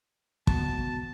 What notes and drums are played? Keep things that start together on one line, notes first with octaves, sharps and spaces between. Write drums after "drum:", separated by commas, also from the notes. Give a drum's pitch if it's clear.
B2 A5, drum: kick